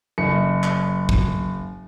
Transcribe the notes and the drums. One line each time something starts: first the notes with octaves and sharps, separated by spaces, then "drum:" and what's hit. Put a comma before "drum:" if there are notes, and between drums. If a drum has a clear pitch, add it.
F#1 C#7
drum: clap
drum: kick